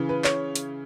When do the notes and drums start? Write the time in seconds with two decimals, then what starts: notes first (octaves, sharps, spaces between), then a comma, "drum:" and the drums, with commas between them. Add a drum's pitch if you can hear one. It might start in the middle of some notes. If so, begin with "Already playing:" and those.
Already playing: C#3 E3
0.09 B4
0.24 C#5, drum: clap
0.56 drum: hi-hat